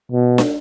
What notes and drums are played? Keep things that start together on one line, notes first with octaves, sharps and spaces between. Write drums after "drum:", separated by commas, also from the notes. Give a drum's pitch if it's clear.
B2
drum: snare